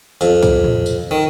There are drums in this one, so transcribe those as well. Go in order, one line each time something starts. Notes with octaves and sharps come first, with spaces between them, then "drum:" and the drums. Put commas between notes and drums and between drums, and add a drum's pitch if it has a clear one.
F2, drum: tambourine
drum: kick, tambourine
drum: tom A2
drum: tambourine
D#3